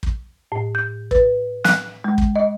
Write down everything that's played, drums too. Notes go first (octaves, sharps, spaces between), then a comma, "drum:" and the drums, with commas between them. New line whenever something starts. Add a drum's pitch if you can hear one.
drum: kick
A2
G6
B4, drum: kick
F#6, drum: snare
G#3
drum: kick
D#5